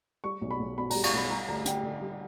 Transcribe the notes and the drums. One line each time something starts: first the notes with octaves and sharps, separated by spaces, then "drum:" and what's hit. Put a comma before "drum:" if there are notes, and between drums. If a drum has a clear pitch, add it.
G3 C#6
B1
B5
B1
B2 B5
A#5, drum: open hi-hat
G3
C#6, drum: cymbal
B1 B5
G3 A#5
D2 A#5
D2 G5, drum: hi-hat
D3
G3